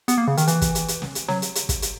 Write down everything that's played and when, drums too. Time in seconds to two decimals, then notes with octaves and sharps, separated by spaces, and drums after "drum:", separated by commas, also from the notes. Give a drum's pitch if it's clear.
0.08 B3, drum: hi-hat
0.18 A#3
0.28 C#3
0.37 D#3, drum: hi-hat
0.47 E3, drum: hi-hat
0.62 drum: kick, hi-hat
0.75 drum: hi-hat
0.88 drum: hi-hat
1.02 drum: snare
1.15 drum: hi-hat
1.28 F#3, drum: snare
1.42 drum: hi-hat
1.55 drum: hi-hat
1.69 drum: kick, hi-hat
1.82 drum: hi-hat